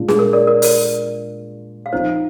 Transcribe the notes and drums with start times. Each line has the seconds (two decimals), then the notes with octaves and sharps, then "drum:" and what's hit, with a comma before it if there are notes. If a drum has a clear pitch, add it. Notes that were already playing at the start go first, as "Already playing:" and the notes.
Already playing: A#2 G#3 D4 F4
0.08 G#4, drum: snare
0.19 A#4
0.33 A#4 D5
0.47 A#4 D5
0.62 A#4 D5, drum: open hi-hat
1.86 F5
1.92 F3 C4 D#4 C5 D#5